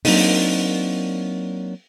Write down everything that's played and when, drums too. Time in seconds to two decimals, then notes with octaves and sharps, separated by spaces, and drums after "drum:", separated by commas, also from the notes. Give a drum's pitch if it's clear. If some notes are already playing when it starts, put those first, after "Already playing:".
0.05 F#3 A#3 C4 D4 D#4, drum: open hi-hat